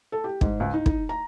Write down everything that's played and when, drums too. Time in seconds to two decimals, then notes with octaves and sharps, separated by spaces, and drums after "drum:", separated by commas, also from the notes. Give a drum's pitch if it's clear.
0.12 A4
0.24 G4
0.41 G#2, drum: kick
0.60 C#2
0.74 D#4
0.86 D#4, drum: kick
1.09 A#5